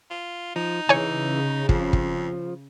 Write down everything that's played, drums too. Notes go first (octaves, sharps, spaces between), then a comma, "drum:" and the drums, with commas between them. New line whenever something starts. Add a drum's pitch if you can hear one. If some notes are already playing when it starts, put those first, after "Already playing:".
F4
F3 D#4
C#3 E3 C#5 G#5
F2 F3, drum: kick
drum: kick